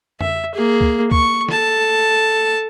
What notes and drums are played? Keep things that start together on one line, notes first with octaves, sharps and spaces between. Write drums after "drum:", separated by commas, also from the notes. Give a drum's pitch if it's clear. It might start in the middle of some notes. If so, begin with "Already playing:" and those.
E5, drum: tom F2
A#3 G#4
drum: kick
C#6, drum: kick
A4 A5, drum: snare